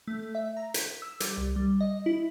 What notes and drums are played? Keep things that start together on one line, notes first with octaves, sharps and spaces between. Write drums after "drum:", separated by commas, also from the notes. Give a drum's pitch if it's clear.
A3
A3
E5
A#5
B6, drum: hi-hat
E6
G3, drum: hi-hat
C2
G3
D#5
E4